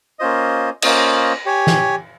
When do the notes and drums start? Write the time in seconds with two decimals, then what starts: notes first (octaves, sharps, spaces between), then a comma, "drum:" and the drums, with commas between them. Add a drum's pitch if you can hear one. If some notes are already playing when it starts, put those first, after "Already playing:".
0.19 A#3 C#4 F4 C5 D#5
0.82 A#3 C#4 F4 C5 D#5, drum: cymbal
1.45 G4 C#5 G#5
1.67 drum: snare